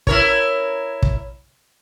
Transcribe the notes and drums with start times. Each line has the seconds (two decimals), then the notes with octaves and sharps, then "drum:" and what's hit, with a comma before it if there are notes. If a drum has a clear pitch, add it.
0.07 E4 A#4 C#5, drum: kick
1.02 drum: kick